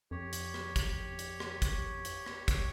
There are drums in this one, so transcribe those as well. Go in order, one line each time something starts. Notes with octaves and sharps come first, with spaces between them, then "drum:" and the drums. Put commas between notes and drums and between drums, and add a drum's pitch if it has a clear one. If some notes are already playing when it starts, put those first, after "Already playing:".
F2 G4 C#5
drum: hi-hat
drum: rim click
drum: kick, hi-hat
drum: hi-hat
drum: rim click
drum: kick, hi-hat
drum: hi-hat
drum: rim click
drum: kick, hi-hat